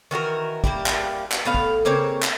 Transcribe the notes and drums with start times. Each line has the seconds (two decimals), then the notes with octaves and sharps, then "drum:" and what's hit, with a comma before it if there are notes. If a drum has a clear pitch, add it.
0.11 D#3 E3 F#4 A#4
0.64 G3 A#3 E4 G4, drum: kick
0.86 drum: clap
1.32 drum: clap
1.45 A2 B3 F5
1.54 drum: kick
1.85 C#3 A#3 C4 C#5
2.23 drum: clap